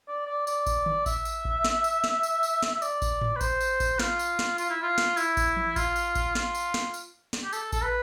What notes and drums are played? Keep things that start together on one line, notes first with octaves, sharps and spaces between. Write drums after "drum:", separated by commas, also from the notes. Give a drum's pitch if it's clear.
D5
D5
D5, drum: tambourine
drum: kick A1, tambourine
drum: tom D3
E5, drum: kick A1, tambourine
drum: tambourine
drum: kick A1
drum: snare
drum: tambourine
drum: snare
drum: tambourine
drum: tambourine
drum: snare
E5
D5, drum: tambourine
drum: kick A1, tambourine
drum: tom G#2
B4
C5, drum: kick A1, tambourine
drum: tambourine
drum: kick A1, tambourine
F4, drum: snare
drum: tambourine
drum: snare
F4, drum: tambourine
E4
F4
drum: snare
E4, drum: tambourine
drum: kick A1, tambourine
drum: tom E3
F4, drum: kick A1, tambourine
drum: tambourine
drum: kick A1, tambourine
F4, drum: snare
drum: tambourine
drum: snare
drum: tambourine
drum: snare
G4
A4, drum: tambourine
A4, drum: kick A1, tambourine
B4